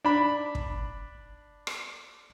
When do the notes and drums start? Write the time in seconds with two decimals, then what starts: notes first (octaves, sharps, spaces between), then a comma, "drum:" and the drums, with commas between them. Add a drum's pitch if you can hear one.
0.05 D4 B5
0.55 drum: kick
1.67 drum: rim click